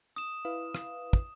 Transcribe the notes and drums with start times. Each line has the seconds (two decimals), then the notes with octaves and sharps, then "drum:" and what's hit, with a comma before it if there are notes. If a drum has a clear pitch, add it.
0.16 D#6 E7
0.45 E4 B4 F5
0.75 drum: rim click
1.13 drum: kick